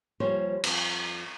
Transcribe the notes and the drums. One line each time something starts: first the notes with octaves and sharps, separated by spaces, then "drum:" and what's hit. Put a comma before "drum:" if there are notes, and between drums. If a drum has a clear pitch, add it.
D#2 F3 G3 C5 C#5 G#5
F2, drum: cymbal